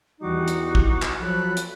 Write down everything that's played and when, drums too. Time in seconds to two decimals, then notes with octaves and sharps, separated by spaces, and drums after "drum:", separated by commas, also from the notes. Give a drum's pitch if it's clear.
0.20 E2 E3 G3 D#4 F#4 D6
0.48 drum: hi-hat
0.75 drum: kick
1.02 drum: clap
1.20 F3 F#3 A4 B5 F#6
1.57 drum: hi-hat